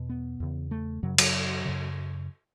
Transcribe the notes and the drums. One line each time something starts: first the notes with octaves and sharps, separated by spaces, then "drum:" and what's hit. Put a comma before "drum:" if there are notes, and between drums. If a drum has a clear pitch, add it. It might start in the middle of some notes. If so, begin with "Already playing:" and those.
Already playing: E2 B2
B3
E2 C#3
A3
F#2 C#3 F#3
F#3, drum: cymbal
F#2 C#3